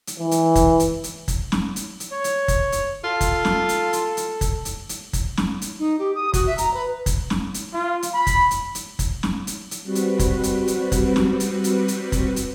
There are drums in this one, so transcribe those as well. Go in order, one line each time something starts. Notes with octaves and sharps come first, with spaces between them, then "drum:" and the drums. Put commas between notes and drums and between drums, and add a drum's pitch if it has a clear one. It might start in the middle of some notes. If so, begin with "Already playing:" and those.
drum: hi-hat
E3
drum: hi-hat
drum: kick, hi-hat
drum: hi-hat
drum: hi-hat
drum: kick, hi-hat
drum: snare
drum: hi-hat
drum: hi-hat
C#5
drum: hi-hat
drum: kick, hi-hat
drum: hi-hat
F4 A4
drum: kick, hi-hat
drum: snare
drum: hi-hat
drum: hi-hat
drum: hi-hat
drum: kick, hi-hat
drum: hi-hat
drum: hi-hat
drum: kick, hi-hat
drum: snare
drum: hi-hat
D#4
G4
D#6
F#4, drum: kick, hi-hat
E5
A#5, drum: hi-hat
B4
drum: kick, hi-hat
drum: snare
drum: hi-hat
F4
drum: hi-hat
B5
drum: kick, hi-hat
drum: hi-hat
drum: hi-hat
drum: kick, hi-hat
drum: snare
drum: hi-hat
drum: hi-hat
G3 C4 F#4 B4
drum: hi-hat
drum: kick, hi-hat
drum: hi-hat
drum: hi-hat
drum: kick, hi-hat
drum: snare
drum: hi-hat
drum: hi-hat
drum: hi-hat
drum: kick, hi-hat
drum: hi-hat